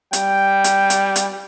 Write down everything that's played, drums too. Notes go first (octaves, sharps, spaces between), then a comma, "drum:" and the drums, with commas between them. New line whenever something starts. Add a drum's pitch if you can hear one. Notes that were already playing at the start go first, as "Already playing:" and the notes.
G3 G5, drum: hi-hat
drum: hi-hat
drum: hi-hat
drum: hi-hat